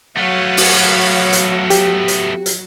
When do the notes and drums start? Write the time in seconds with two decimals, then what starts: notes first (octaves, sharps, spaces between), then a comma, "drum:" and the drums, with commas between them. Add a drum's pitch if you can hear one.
0.17 F#3 A3 B3 F#4 C#5 F5 F#5
0.57 drum: open hi-hat
1.33 drum: hi-hat
1.70 G4, drum: hi-hat
2.08 drum: hi-hat
2.46 drum: hi-hat